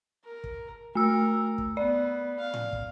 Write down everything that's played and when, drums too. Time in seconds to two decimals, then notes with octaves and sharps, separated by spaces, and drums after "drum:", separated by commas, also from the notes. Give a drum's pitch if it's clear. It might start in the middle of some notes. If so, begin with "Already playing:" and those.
0.25 A#4
0.44 drum: kick
0.95 A3 A#4 E6
1.58 drum: kick
1.77 B3 D5
2.39 F5
2.54 drum: tom A2
2.73 drum: kick